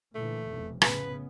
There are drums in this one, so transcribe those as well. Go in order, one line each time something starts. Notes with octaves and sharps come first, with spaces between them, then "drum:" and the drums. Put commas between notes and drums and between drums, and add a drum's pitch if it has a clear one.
A#2 D3 E3 A3
F1 B1 E2
A2 C#3 B3 B4, drum: rim click